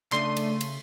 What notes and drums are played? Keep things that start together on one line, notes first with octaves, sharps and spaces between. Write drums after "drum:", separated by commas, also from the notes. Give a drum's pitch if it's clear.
C#3 A3 D4 C6 D#7, drum: clap
drum: cymbal
drum: cymbal